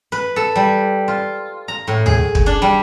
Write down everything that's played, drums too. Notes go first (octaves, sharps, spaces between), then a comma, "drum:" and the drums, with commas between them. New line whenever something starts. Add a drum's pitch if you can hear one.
B4
A4
G3
F4
A#5
A2
G#4, drum: tom D2
drum: kick
D4
G3